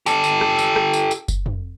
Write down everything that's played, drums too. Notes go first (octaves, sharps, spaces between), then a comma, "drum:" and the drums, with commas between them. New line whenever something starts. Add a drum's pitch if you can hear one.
G4 A4, drum: tambourine
drum: tambourine
drum: rim click
drum: tambourine
drum: rim click
drum: tambourine
drum: tambourine
drum: kick F#1, tambourine
drum: tom